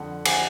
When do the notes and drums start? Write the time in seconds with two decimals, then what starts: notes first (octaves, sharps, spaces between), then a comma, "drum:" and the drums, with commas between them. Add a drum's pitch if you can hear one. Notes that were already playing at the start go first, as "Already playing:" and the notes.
Already playing: F2 D3 F#5
0.25 F#5 G#5, drum: cymbal